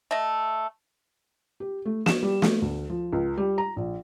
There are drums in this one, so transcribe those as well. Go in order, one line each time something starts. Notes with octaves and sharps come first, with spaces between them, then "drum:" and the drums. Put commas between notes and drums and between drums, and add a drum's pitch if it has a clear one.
A3 D#5
G4
A3
E7, drum: snare
G3
A3, drum: snare
D2
F3
C#2
G3
A#5
A#1